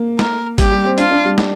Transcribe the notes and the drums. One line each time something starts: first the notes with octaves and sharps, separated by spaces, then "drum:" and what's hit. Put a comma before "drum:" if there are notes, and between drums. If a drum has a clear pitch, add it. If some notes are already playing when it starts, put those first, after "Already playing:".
Already playing: A#3
A#4, drum: snare
G3 G4, drum: kick G#1, hi-hat
G3
C4
D4 F4, drum: hi-hat
D4
G3
drum: snare